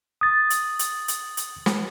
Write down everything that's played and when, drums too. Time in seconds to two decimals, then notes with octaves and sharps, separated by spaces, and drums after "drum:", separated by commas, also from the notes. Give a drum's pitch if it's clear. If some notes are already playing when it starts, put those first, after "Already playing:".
0.21 D#6 A6
0.50 drum: hi-hat
0.79 drum: hi-hat
1.08 drum: hi-hat
1.37 drum: hi-hat
1.66 drum: snare